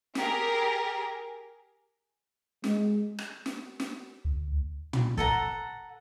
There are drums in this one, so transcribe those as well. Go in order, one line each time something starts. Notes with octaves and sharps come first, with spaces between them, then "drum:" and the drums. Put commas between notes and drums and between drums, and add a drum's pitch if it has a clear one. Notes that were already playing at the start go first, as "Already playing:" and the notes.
G4 G#4 A#4, drum: snare
G#3, drum: snare
drum: rim click
drum: snare
drum: snare
D2
drum: tom
A4 F#5 A#5, drum: kick